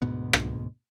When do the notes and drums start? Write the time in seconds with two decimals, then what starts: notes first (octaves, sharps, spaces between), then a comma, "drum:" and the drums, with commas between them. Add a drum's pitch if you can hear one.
0.02 D2 G#2 B2 B3
0.33 drum: rim click